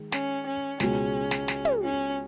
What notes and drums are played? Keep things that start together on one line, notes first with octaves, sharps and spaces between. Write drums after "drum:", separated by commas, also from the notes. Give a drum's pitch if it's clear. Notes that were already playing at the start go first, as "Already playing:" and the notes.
Already playing: D#3 G#3
C#4, drum: snare
C#4
C#2 B2 G#3 C#4, drum: snare
drum: snare
drum: snare
drum: tom
C#4